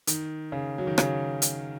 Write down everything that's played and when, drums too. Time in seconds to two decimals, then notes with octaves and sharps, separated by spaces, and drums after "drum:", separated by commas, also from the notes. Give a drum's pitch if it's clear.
0.07 D#3, drum: hi-hat
0.52 C#3
0.78 F#3
0.87 D#3
0.98 C#3, drum: rim click
1.42 drum: hi-hat